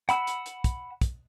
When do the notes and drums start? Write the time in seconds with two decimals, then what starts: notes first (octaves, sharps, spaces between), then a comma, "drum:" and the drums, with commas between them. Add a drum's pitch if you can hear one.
0.09 F#5 B5 E6, drum: hi-hat
0.27 drum: hi-hat
0.46 drum: hi-hat
0.64 drum: kick, hi-hat
1.01 drum: kick, hi-hat